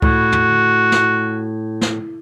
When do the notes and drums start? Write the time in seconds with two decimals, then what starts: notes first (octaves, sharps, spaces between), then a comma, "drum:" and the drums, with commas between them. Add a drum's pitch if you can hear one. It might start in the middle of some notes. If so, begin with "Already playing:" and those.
0.02 A2 F#4, drum: kick C#2
0.32 drum: tom
0.92 drum: snare
1.81 drum: snare